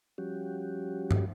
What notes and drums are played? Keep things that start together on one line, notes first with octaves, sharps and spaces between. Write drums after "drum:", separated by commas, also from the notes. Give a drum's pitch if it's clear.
F3 G3 C#4 F#4 G4
drum: tom G2